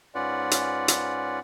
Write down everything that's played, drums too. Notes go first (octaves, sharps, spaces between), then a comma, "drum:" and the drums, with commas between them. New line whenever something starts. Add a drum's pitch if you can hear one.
G#2 C#4 F4 B4 D5 F#5
drum: hi-hat
drum: hi-hat